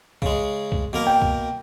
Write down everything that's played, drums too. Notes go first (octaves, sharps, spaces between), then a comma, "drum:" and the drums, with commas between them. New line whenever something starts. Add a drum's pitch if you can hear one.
C#3 G#3, drum: kick
drum: kick
B2 A#3 A#4
G5
drum: kick